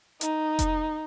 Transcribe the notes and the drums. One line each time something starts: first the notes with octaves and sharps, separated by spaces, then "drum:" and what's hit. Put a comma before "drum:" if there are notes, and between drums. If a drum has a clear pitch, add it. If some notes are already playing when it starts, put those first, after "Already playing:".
D#4, drum: hi-hat
drum: kick F1, hi-hat